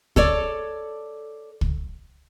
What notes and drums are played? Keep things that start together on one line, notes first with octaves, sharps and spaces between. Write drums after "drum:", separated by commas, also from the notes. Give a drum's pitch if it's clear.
A4 C#5 D5, drum: kick
drum: kick